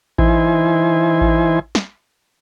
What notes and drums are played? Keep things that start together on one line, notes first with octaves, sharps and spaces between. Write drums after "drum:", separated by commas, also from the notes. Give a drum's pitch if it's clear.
E3 D#4 E4 C5 G#5, drum: kick A1
drum: kick A1
drum: snare